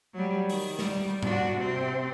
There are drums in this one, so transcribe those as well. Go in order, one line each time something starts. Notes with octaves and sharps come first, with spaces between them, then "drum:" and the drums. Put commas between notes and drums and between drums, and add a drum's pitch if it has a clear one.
F#3 G3
D#3, drum: open hi-hat
G3, drum: snare
D4 F#4, drum: tom G#2
C3 C4